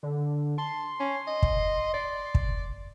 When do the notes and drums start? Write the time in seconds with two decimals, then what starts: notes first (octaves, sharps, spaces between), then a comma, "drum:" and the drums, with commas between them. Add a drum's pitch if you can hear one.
0.03 D3
0.58 A5 C6
1.00 C#4
1.27 D#5
1.43 drum: kick
1.94 D5
2.35 drum: kick